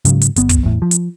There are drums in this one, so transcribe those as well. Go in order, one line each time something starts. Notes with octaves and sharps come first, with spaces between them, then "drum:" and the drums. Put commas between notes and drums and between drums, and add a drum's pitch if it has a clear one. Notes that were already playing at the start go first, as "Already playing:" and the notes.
G#2 C#3 F#3, drum: hi-hat
drum: hi-hat
G1 B3, drum: hi-hat
drum: kick, hi-hat
E2 A2
F3
drum: hi-hat